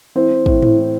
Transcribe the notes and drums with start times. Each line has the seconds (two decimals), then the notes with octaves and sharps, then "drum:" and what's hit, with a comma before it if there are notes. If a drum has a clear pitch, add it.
0.15 E3 C4
0.31 E3
0.46 A2, drum: kick
0.62 A2, drum: tom A2
0.78 E3